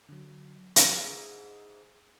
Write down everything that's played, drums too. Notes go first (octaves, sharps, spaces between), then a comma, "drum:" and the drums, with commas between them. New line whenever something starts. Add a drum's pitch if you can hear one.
D3 F#3
G#2 E4 G#4 D#6, drum: hi-hat